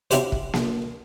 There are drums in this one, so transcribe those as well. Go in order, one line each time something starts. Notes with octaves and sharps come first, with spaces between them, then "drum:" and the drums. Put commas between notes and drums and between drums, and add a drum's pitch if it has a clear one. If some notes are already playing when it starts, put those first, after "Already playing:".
C4 C#4 E4 F#4 G4 C5, drum: hi-hat
drum: kick
drum: snare A#3